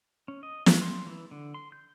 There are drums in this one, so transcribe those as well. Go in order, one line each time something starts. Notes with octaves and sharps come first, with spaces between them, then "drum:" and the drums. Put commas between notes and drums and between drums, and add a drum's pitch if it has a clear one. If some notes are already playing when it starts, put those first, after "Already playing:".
C#4
D#5
F#4, drum: snare
C6
E3
D3
C6
G6